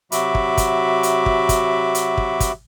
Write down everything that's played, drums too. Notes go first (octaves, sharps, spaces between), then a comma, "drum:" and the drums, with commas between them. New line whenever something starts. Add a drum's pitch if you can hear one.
C3 F#3 F#4 E5 B5 D6, drum: hi-hat
drum: kick
drum: kick, hi-hat
drum: hi-hat
drum: kick
drum: kick, hi-hat
drum: hi-hat
drum: kick
drum: kick, hi-hat